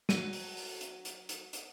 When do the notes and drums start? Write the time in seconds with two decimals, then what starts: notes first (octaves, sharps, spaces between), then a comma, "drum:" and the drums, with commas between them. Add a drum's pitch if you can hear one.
0.09 F#3 D#7, drum: snare
0.33 drum: open hi-hat
0.57 drum: open hi-hat
0.81 drum: hi-hat
1.05 drum: hi-hat
1.29 drum: hi-hat
1.53 drum: hi-hat